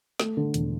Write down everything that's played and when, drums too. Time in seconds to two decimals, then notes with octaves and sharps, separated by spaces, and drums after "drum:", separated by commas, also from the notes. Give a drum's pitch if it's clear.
0.20 A3, drum: snare
0.37 D3
0.54 E1, drum: hi-hat